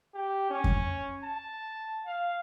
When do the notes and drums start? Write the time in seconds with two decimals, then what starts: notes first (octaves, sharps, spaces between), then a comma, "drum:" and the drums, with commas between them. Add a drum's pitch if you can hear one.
0.15 G4
0.50 C#4
0.64 drum: kick F2
1.24 A5
2.06 F5